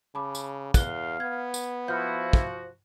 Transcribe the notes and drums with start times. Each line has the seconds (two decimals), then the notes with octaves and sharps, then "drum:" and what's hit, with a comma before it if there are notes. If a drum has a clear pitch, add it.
0.15 C#3 A5 B5 D6
0.35 drum: tambourine
0.74 E2 F5 F#6 G7, drum: kick, tambourine
1.20 B3 G#6
1.54 drum: tambourine
1.88 F3 E4 F#4 F6 G6
2.33 drum: kick